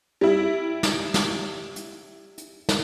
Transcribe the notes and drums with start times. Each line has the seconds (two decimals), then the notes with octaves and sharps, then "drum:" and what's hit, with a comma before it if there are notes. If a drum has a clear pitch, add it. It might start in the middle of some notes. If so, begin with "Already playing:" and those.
0.21 G3 E4
0.83 drum: snare
1.14 drum: snare
1.76 drum: hi-hat
2.38 drum: hi-hat
2.69 drum: snare